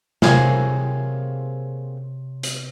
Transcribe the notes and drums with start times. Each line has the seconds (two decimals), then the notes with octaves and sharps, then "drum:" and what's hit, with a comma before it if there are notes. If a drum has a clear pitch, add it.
0.22 C3 A#3 C4 G#4 C#5, drum: snare
2.43 drum: hi-hat